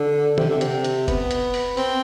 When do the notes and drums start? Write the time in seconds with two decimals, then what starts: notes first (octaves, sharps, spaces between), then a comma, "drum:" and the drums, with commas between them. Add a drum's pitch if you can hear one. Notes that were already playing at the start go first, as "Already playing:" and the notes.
Already playing: D3
0.38 C3, drum: tom
0.50 D3
0.61 C3, drum: hi-hat
0.85 drum: hi-hat
1.08 B3, drum: kick F#1, hi-hat
1.31 drum: hi-hat
1.54 drum: open hi-hat
1.77 C4, drum: open hi-hat